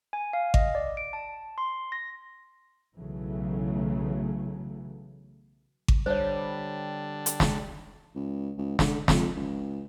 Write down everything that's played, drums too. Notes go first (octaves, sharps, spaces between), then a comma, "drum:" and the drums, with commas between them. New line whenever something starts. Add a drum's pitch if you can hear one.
G#5
F5
D#5, drum: kick G#1
D5
D7
A5
C6
A#6
B1 C#3 E3 F#3 A3
drum: kick G#1
D3 G3 D4 C5 C#5
drum: hi-hat
drum: snare
C#2
C#2
D3, drum: snare
F2, drum: snare
C#2